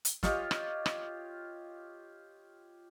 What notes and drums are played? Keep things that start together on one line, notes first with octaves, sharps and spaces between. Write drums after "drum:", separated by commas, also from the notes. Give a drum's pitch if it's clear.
drum: hi-hat
F4 G4 C#5 D#5, drum: snare
drum: rim click
drum: rim click